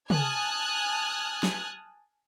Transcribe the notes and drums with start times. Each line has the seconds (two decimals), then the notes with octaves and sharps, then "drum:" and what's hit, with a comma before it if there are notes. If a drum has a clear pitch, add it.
0.10 G#5 A5 D#6 F6 F#6 G#6, drum: tom
1.43 drum: snare